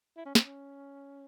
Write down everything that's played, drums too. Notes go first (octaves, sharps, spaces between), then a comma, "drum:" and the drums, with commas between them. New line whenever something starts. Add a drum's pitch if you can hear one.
E4
C#4
C4, drum: snare
C#4